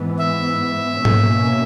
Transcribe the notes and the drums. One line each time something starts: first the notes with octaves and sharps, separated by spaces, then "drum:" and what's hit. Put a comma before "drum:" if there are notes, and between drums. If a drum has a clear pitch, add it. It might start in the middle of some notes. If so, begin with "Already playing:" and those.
Already playing: G#2 E3 B3
E5
B2 A#3 C#4, drum: tom G#2